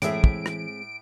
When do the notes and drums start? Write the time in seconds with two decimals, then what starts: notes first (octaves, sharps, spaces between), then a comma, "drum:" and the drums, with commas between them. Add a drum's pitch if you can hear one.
0.02 A2 E3 G#3 C4 G#4 E5 D7, drum: hi-hat
0.24 drum: kick
0.46 drum: rim click